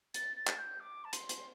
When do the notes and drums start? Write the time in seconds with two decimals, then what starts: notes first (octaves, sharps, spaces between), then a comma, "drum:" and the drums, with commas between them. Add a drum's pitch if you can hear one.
0.14 A6, drum: hi-hat
0.36 A6
0.47 drum: clap
0.58 G6
0.80 D6
1.04 A5
1.13 C6, drum: hi-hat
1.29 drum: hi-hat